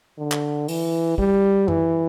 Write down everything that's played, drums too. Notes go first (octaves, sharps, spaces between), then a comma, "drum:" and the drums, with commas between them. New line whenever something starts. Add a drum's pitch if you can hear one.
D3
drum: clap
E3, drum: open hi-hat
G3, drum: kick
E3, drum: tom F#2